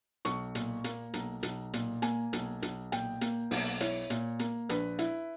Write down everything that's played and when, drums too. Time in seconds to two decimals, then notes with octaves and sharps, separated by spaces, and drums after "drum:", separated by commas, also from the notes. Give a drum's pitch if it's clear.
0.25 B1 C#6, drum: hi-hat
0.55 A#2, drum: hi-hat
0.84 A#3, drum: hi-hat
1.14 B1 A#5, drum: hi-hat
1.43 B1, drum: hi-hat
1.74 A#2, drum: hi-hat
2.02 A#3 G#5, drum: hi-hat
2.33 B1, drum: hi-hat
2.62 B1, drum: hi-hat
2.92 A#2 G5, drum: hi-hat
3.21 A#3, drum: hi-hat
3.51 B1, drum: open hi-hat
3.80 E4 C#5, drum: hi-hat
4.10 A#2, drum: hi-hat
4.39 A#3, drum: hi-hat
4.69 A#1 B4, drum: hi-hat
4.99 E4, drum: hi-hat